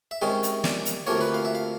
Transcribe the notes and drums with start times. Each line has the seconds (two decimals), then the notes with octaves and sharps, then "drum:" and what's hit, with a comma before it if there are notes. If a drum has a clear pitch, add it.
0.11 E5
0.22 C3 D#3 G#3 C#4 D#5
0.43 drum: hi-hat
0.64 D5, drum: snare
0.85 drum: hi-hat
1.06 D2 C3 F3 A#3 C#5
1.21 B4
1.34 F5
1.45 E5
1.55 F5